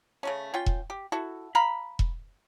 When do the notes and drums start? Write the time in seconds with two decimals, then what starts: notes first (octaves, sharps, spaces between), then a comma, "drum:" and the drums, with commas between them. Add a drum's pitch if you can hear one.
0.23 C#3 A3 C#4
0.54 C#4 F4 G5
0.66 drum: kick E1
0.90 G4
1.12 E4 F#4 A4
1.55 F5 A#5 B5
1.99 drum: kick E1